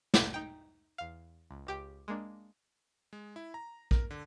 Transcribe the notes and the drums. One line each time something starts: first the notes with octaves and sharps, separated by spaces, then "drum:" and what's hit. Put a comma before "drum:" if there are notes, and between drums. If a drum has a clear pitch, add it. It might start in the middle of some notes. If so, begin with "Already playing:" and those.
A#1 B2 G3 F5 D6, drum: snare
D#4 G5
E2 F5
C#2
C#2 G4 G5
G#3 A#3 D4
G#3
E4
A#5
A#4, drum: kick A#1
D3